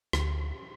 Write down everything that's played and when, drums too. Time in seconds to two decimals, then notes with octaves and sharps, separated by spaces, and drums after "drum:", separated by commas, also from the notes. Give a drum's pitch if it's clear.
0.13 D2, drum: rim click